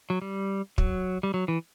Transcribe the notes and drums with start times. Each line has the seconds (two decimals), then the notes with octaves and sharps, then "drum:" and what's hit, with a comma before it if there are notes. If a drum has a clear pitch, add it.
0.10 F#3
0.22 G3
0.78 F#3, drum: kick
1.23 G3
1.34 F#3
1.48 E3